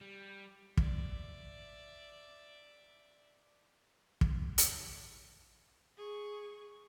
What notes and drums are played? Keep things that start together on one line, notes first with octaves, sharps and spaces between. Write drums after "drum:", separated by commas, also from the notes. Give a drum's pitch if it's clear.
G3
D5 E5, drum: kick
drum: kick
drum: hi-hat
G#4 C#6